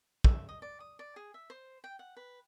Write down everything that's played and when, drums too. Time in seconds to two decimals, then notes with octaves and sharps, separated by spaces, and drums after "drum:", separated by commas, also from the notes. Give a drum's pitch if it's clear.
0.24 E5, drum: kick
0.49 D#5
0.62 D5
0.80 D#6
0.99 D5
1.16 G#4
1.34 E5
1.50 C5
1.84 G5
1.99 F#5
2.17 B4